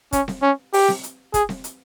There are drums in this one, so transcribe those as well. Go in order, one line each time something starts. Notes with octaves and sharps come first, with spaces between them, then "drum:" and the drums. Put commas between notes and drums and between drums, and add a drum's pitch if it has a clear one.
C#4, drum: kick, hi-hat
drum: snare C4
C#4
G4, drum: open hi-hat
drum: snare C4
drum: hi-hat
G#4, drum: kick, hi-hat
drum: snare C4
drum: hi-hat